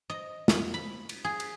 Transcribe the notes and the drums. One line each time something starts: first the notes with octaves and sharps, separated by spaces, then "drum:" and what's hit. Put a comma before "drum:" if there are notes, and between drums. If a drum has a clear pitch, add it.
D#5
drum: snare
B5
drum: cymbal
G#4
drum: cymbal